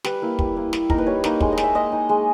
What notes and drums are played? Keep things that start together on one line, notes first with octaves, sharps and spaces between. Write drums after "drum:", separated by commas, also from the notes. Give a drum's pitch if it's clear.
G3 B4, drum: snare
A#3 E4
G3, drum: kick
A#3 E4
G3, drum: snare
A#3 D#4 A#4, drum: kick
B4
G3 C#5
A#3 D#4, drum: snare
G#3 D#5, drum: kick
D#5
D#4, drum: snare
E5
G#3 D#5
D#4
G#3